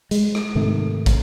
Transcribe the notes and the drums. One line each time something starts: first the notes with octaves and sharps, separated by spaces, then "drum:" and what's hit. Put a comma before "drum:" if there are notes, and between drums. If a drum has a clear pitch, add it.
G#3, drum: hi-hat
drum: rim click
G#2 C3 D#3 A3
drum: kick, hi-hat